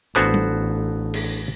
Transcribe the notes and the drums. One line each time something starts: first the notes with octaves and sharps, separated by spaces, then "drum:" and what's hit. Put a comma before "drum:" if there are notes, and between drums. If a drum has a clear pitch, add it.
A1 B3 D4 F#4 A4 C5, drum: clap
drum: tom G3
drum: cymbal